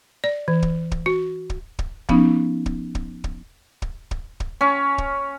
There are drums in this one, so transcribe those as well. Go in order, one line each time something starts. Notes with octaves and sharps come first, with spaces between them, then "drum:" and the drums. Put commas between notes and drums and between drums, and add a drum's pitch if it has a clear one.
D5
E3
drum: kick
drum: kick
F#4
drum: kick
drum: kick
F3 B3 C#4 D#4, drum: kick
drum: kick
drum: kick
drum: kick
drum: kick
drum: kick
drum: kick
C#4
drum: kick